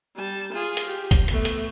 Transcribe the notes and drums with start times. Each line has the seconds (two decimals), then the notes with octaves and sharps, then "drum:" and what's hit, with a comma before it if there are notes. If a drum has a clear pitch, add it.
0.16 G3 A5
0.53 F4 G#4
0.77 drum: hi-hat
0.88 G4
1.11 drum: kick, hi-hat
1.28 A3 B3, drum: hi-hat
1.45 drum: hi-hat